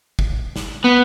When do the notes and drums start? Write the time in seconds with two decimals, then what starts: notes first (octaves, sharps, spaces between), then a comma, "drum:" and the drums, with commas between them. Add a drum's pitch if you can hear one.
0.19 drum: kick
0.56 drum: snare
0.84 B3